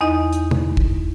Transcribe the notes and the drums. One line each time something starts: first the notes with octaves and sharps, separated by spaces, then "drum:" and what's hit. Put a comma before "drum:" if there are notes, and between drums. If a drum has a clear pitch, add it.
E2 D#4 D#5
drum: hi-hat
drum: tom
drum: kick